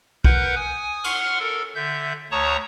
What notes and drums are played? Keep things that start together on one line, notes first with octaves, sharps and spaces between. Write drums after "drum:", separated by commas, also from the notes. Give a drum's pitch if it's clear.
A#4 B4 F#5 G6, drum: kick B1
G#5 D#6
F#5 C6 C#6 F6, drum: cymbal
A4 A#4
D3 E5 G6
D2 C#5 A5 A#5 C#6 D#6